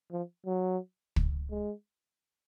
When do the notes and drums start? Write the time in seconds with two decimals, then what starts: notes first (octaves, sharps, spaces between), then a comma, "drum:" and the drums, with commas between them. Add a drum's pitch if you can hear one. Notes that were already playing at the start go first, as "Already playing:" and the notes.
0.11 F3
0.46 F#3
1.16 drum: kick
1.51 G#3